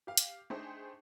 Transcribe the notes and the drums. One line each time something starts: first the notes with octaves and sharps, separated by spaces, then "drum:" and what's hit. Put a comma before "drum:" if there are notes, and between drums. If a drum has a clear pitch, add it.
G4 F5
drum: hi-hat
A3 D4 D#4 G#4 C5 G5